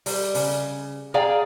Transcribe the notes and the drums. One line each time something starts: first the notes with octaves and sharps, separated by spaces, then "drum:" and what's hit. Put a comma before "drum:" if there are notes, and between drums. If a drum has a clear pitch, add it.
G3, drum: open hi-hat
C#3, drum: open hi-hat
G#4 D5 F5 G5 A#5